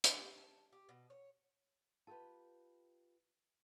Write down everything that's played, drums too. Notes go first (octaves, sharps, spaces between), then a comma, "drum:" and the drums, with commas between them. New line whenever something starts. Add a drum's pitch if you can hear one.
G4, drum: hi-hat
A5
G4
B2
C#5
F4 G4 A4 B4 A5